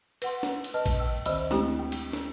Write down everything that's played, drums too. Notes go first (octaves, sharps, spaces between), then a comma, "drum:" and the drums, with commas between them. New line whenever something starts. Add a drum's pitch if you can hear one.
B4 F#5 C6, drum: cymbal
drum: snare
drum: cymbal
B4 D#5 A5 F6
drum: kick A1, cymbal
G5 E6
D2 D#3 C5 D#5 B5 E6, drum: cymbal
G#3 A3 C4 D4 E4 G4, drum: snare
G5
drum: cymbal
drum: snare